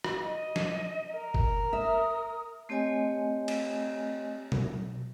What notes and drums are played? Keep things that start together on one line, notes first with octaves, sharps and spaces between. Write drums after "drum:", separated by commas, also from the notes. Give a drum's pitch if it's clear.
drum: rim click
D#5
D5, drum: snare
A#4
drum: kick G1
E5 D#6
A3 C4 G4 C#5 D#5 G#5
drum: cymbal
drum: tom B2